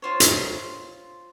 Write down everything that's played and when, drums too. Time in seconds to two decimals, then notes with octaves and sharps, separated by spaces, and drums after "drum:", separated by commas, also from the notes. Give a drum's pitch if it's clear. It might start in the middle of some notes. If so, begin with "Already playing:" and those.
0.02 F4 C5 C#5
0.20 drum: hi-hat